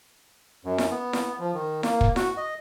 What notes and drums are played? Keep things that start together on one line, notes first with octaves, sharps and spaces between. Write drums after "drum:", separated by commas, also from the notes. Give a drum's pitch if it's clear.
F#2
drum: snare E4
B3
drum: snare E4
F3
D#3
A#3, drum: snare E4
drum: kick
F#4, drum: snare E4
D#5